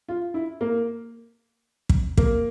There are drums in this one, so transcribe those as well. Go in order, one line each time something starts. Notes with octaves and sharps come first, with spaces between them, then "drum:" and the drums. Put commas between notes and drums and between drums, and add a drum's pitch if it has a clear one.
F4
E4
A#3
drum: kick
A#3, drum: kick